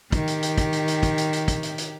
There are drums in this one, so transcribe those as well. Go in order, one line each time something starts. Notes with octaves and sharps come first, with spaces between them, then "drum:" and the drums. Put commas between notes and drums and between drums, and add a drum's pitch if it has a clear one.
D#3 G4, drum: kick, hi-hat
drum: hi-hat
drum: hi-hat
drum: kick, hi-hat
drum: hi-hat
drum: hi-hat
drum: kick, hi-hat
drum: hi-hat
drum: hi-hat
drum: kick, hi-hat
drum: hi-hat
drum: hi-hat